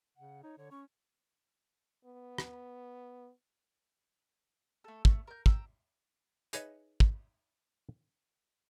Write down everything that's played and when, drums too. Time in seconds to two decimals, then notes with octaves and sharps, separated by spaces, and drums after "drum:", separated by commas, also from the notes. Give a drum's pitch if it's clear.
0.17 C#3 F#5
0.43 D#4 C#5
0.58 D3 C#5
0.71 C#4 C#6
2.05 B3
2.38 drum: rim click
4.84 A3 A4
5.05 A3, drum: kick
5.27 A#4 G6
5.46 G5 A#5 E6, drum: kick
6.53 D#4 G#4 B4 C#5 D#5 E5, drum: hi-hat
7.00 drum: kick